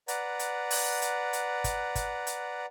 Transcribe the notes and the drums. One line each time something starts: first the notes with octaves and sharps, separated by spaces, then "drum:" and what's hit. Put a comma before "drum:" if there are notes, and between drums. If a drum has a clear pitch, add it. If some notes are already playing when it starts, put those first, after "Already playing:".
B4 D5 F#5 A#5, drum: hi-hat
drum: hi-hat
drum: open hi-hat
drum: hi-hat
drum: hi-hat
drum: kick, hi-hat
drum: kick, hi-hat
drum: hi-hat